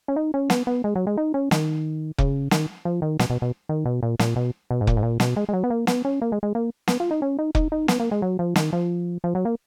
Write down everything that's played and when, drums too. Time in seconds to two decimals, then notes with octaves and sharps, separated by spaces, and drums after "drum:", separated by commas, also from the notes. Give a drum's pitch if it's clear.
0.08 C#4
0.16 D#4
0.34 C#4
0.50 B3, drum: snare
0.67 B3
0.84 G#3
0.95 F#3
1.07 G#3
1.17 D#4
1.34 C#4
1.51 D#3, drum: snare
2.18 C#3, drum: kick F1
2.51 D#3, drum: snare
2.85 F3
3.02 D#3
3.19 B2, drum: snare
3.30 B2
3.42 B2
3.69 D#3
3.85 B2
4.03 A#2
4.19 A#2, drum: snare
4.36 B2
4.71 B2
4.81 G#2
4.87 A#2, drum: kick F1
4.97 G#2
5.03 A#2
5.20 B2, drum: snare
5.36 G#3
5.49 G#3
5.53 F#3
5.64 B3
5.70 A#3
5.87 B3, drum: snare
6.05 C#4
6.22 A#3
6.32 G#3
6.43 G#3
6.55 A#3
6.88 B3, drum: snare
7.00 F4
7.11 D#4
7.22 C#4
7.39 D#4
7.55 D#4, drum: kick F1
7.72 D#4
7.88 B3, drum: snare
8.00 A#3
8.11 G#3
8.22 F#3
8.39 F3
8.56 D#3, drum: snare
8.73 F3
9.24 F3
9.35 F#3
9.45 A#3